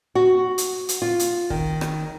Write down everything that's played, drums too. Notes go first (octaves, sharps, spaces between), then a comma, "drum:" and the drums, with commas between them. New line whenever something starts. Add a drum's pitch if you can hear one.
F#4
drum: hi-hat
drum: hi-hat
F4
drum: hi-hat
D#3, drum: kick
drum: rim click